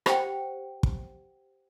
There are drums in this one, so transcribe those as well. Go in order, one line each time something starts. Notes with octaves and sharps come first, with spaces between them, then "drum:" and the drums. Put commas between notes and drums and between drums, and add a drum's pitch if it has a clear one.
G4 C5 F#5 G5, drum: rim click
drum: kick